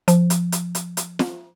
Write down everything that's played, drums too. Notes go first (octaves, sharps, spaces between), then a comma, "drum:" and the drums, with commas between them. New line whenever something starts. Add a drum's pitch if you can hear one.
F3, drum: hi-hat
drum: hi-hat
drum: hi-hat
drum: hi-hat
drum: hi-hat
drum: snare